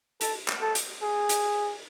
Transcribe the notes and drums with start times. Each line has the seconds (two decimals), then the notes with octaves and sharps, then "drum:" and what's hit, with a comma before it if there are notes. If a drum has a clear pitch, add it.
0.21 A4, drum: hi-hat
0.48 drum: clap
0.62 A4
0.75 drum: hi-hat
1.02 G#4
1.29 drum: hi-hat